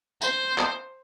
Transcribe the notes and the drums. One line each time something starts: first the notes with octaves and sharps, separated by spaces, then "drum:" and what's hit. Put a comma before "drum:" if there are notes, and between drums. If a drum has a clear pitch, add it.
C5, drum: tambourine
drum: clap